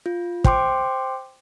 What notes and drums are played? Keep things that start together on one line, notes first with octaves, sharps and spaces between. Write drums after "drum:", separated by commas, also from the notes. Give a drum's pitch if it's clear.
F4
C5 G5 C6 D6, drum: kick